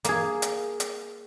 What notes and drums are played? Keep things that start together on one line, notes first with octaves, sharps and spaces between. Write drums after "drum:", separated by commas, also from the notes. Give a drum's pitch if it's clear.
A#3 G#4, drum: hi-hat
drum: hi-hat
drum: hi-hat